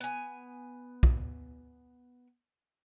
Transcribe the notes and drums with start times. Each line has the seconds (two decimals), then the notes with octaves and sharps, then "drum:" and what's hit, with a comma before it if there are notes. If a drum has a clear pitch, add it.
0.01 B3 G#5
1.03 drum: kick